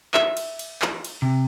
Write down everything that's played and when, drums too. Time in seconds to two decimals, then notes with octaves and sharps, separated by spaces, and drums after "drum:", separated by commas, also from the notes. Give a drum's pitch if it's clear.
0.14 E5, drum: clap
0.37 drum: cymbal
0.59 drum: cymbal
0.82 drum: clap
1.05 drum: cymbal
1.22 C3